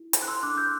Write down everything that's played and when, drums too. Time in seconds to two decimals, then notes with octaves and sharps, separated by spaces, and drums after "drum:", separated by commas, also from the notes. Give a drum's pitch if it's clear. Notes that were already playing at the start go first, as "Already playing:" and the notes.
Already playing: E4
0.13 A4, drum: hi-hat
0.22 F#6
0.28 C6 E6
0.43 D4 D6 F#6
0.57 E6 G6